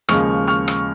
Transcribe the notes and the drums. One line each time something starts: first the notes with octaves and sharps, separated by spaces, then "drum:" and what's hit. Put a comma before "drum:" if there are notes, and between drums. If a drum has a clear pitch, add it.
D#2 C#3 F3 G#3 C#6 F6, drum: rim click
C#6 F6
drum: rim click